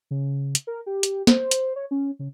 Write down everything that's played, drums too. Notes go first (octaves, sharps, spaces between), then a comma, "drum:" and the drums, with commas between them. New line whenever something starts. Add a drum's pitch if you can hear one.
C#3
drum: hi-hat
A#4
G4
drum: hi-hat
C5, drum: snare
drum: hi-hat
C#5
C#4
C#3